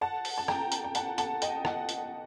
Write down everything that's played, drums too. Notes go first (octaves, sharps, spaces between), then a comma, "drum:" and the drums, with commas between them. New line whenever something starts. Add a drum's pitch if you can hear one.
F#5 A5
drum: open hi-hat
A5
G5 A#5, drum: rim click
drum: hi-hat
G5
F#5 A5, drum: hi-hat
F#5 A5, drum: hi-hat
D#5 G5, drum: hi-hat
F#5 A5, drum: rim click
drum: hi-hat